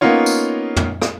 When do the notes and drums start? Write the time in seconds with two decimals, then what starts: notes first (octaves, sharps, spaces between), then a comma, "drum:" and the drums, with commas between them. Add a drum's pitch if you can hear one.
0.01 A#3 B3 C#4 D#4 F4 C#5
0.26 drum: tambourine
0.76 drum: tom
1.02 drum: rim click